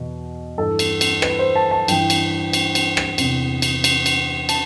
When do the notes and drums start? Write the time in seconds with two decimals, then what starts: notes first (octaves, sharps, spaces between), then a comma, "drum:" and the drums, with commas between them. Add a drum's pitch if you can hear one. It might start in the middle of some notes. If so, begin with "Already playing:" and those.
Already playing: E2 B2
0.57 G2 E3 A4
0.79 drum: cymbal
1.01 drum: cymbal
1.22 B4, drum: rim click
1.39 C5
1.56 A5
1.71 A5
1.88 G2 E3 G5, drum: cymbal
2.10 drum: cymbal
2.53 drum: cymbal
2.75 drum: cymbal
2.97 drum: rim click
3.18 E2 C3 E3, drum: cymbal
3.62 drum: cymbal
3.84 drum: cymbal
4.06 drum: cymbal
4.49 A5, drum: cymbal